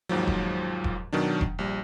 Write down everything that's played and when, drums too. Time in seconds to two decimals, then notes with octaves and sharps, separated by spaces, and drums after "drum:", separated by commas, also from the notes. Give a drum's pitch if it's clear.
0.09 D#2 G#2 F3 F#3
0.27 drum: kick E1
0.84 drum: kick E1
1.13 B2 D#3 F#3 D4
1.41 drum: kick E1
1.59 A#1 G3